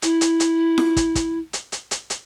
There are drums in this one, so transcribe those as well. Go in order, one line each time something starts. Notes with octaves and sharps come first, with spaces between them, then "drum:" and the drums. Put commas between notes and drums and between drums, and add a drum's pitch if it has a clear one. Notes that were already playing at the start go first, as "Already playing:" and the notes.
E4, drum: hi-hat
drum: hi-hat
drum: hi-hat
drum: snare F4
drum: kick, hi-hat
drum: kick, hi-hat
drum: hi-hat
drum: hi-hat
drum: hi-hat
drum: hi-hat